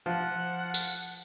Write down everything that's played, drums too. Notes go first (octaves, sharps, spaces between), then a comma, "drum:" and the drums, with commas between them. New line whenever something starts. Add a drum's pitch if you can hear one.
F3 F#5
drum: tambourine